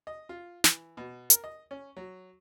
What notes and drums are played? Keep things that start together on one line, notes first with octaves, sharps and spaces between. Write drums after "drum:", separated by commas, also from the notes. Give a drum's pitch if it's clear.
D#5
F4
E3, drum: snare
B2
A#4, drum: hi-hat
D#5
C#4
F#3